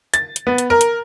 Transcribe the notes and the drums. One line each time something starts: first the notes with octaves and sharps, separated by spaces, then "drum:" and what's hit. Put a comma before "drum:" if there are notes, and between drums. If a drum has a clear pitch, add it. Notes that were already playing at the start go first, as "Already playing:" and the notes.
A6, drum: hi-hat
drum: hi-hat
B3
drum: hi-hat
A#4
drum: hi-hat